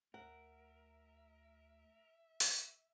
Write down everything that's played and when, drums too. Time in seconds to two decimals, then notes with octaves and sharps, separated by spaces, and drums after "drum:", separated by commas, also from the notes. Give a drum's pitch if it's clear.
0.14 D2 A#4 E5 F#5
2.40 drum: open hi-hat